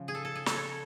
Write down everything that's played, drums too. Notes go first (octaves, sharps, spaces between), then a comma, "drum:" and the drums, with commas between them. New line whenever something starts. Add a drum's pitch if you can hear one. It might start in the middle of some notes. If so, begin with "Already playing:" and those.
Already playing: C#3 F3
G#4
A4
A4
G#4
A4, drum: snare
C#5